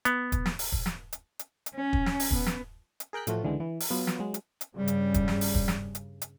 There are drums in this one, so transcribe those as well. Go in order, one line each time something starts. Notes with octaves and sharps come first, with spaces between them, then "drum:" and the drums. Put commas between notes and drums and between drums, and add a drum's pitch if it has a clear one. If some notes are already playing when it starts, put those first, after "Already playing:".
B3, drum: hi-hat
drum: kick, hi-hat
drum: snare
drum: open hi-hat
drum: kick
drum: snare
drum: hi-hat
drum: hi-hat
drum: hi-hat
C#4
drum: kick
drum: snare
drum: open hi-hat
B3, drum: kick
drum: snare
drum: hi-hat
G#4 A#4 G5 F#6 B6
A2 E3 F3 A3 F4 F#4, drum: hi-hat
C#2 D3 E3 G#3
E3
drum: open hi-hat
F#3 B3 F4
drum: snare
F#3 G#3
drum: hi-hat
drum: hi-hat
G2 C#3 G3
drum: hi-hat
drum: kick, hi-hat
drum: snare
drum: open hi-hat
drum: kick
drum: snare
drum: hi-hat
drum: hi-hat